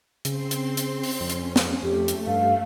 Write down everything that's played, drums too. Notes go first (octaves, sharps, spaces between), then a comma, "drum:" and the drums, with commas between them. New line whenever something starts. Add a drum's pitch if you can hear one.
C#3 C4 C6, drum: hi-hat
drum: hi-hat
drum: hi-hat
drum: open hi-hat
F2 C#4
drum: hi-hat
drum: snare
F2 A3 G4
drum: hi-hat
G2 F5